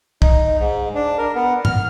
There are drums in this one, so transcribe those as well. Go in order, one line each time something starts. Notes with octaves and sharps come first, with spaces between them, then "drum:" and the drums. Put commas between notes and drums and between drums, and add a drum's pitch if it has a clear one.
D#4, drum: kick
G#2
D4
A#4
B3
F6, drum: tom G2